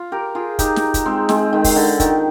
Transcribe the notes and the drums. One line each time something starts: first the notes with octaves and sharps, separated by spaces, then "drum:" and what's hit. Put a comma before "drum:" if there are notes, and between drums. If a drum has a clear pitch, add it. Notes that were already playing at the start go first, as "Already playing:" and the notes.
Already playing: F4
G4 A#4
F4 G#4
D#4 G4, drum: kick, hi-hat
drum: snare
drum: kick, hi-hat
G#3 C4
G#3 C4, drum: snare
D#3
drum: kick, open hi-hat
D3
D#3, drum: kick, hi-hat